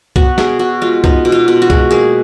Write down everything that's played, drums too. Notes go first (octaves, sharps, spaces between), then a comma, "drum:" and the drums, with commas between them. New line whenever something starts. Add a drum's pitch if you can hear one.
B3 F#4, drum: kick C2
B2 G#4, drum: snare
B2 F#4
G#3 F4
B3 D#4, drum: kick C2
B2
F4
B2
F#4
G#3, drum: kick C2
A#3 G#4